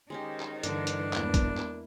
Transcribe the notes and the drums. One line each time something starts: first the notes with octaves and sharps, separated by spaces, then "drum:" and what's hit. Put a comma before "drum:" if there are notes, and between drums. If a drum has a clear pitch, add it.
D#3 G#3 C#4 D#4 G4 C5
drum: clap
G2 D3 E3 D4 A#4, drum: hi-hat
drum: hi-hat
E2 G#3 A#3 B3 E4, drum: clap
drum: kick, hi-hat
drum: clap